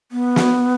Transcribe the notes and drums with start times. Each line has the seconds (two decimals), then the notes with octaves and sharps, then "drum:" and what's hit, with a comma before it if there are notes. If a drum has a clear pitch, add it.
0.12 B3
0.36 drum: snare